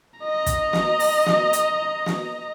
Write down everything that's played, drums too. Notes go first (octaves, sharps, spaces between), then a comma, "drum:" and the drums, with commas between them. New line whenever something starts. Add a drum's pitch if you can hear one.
D#5 A#5
drum: kick, hi-hat
drum: snare
drum: open hi-hat
drum: snare
drum: hi-hat
drum: snare